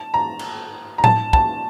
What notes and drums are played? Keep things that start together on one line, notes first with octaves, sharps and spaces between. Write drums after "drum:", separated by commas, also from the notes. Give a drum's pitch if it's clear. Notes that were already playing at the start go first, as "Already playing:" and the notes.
Already playing: A5
A#5
drum: cymbal
A#5
A5, drum: tom A2
A5, drum: kick